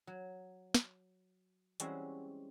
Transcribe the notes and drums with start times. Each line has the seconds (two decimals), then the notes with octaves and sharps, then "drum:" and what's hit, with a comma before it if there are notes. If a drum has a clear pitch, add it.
0.07 F#3
0.74 drum: snare
1.80 E3 G3 G#3 C4 C#4 F#4, drum: hi-hat